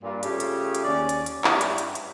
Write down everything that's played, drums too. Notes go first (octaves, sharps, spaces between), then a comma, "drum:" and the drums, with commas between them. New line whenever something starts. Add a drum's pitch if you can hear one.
G2 A#2
C#3 A3 F4 G4, drum: hi-hat
drum: hi-hat
drum: hi-hat
D#2 C#4 D5
drum: hi-hat
drum: hi-hat
G2 C#4 E4 F#4 G4 E5, drum: clap
drum: hi-hat
drum: hi-hat
drum: hi-hat